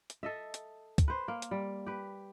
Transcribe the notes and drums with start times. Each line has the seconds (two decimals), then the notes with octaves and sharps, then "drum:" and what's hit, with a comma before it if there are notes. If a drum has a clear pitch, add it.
0.10 drum: hi-hat
0.23 A4 D#5 E5
0.54 drum: hi-hat
0.98 drum: kick, hi-hat
1.08 B4 C5
1.28 A#3
1.42 drum: hi-hat
1.51 G3
1.86 G4 B4